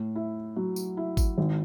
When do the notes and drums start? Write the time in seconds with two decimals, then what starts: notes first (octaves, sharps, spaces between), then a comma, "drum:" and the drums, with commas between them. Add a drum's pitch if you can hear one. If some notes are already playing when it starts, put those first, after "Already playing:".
Already playing: A2
0.15 E4
0.56 F#3
0.76 drum: tambourine
0.97 E4
1.17 drum: kick G#1, tambourine
1.38 G#1